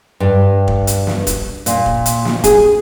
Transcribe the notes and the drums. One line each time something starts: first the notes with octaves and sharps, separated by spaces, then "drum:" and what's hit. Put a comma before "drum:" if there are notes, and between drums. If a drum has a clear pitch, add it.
G2
drum: kick
drum: hi-hat
drum: snare
drum: kick, hi-hat
A#2, drum: hi-hat
drum: kick
drum: hi-hat
drum: snare
G#4, drum: kick, hi-hat